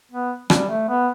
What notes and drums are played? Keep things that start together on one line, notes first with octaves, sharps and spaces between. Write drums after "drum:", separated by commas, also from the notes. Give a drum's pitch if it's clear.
B3
G3, drum: rim click
A3
B3